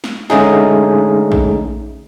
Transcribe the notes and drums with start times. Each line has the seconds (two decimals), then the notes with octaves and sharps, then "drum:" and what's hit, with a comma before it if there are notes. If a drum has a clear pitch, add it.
0.04 drum: snare
0.30 D3 G#3 A3 C#4 D#4 G#4, drum: snare
1.32 drum: kick A#1